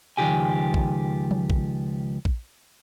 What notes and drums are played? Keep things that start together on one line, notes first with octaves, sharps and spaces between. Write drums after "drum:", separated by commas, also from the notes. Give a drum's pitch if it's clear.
C#2 D#3 F3 G4 G#5
drum: kick A#1
drum: tom F3
drum: kick A#1
drum: kick A#1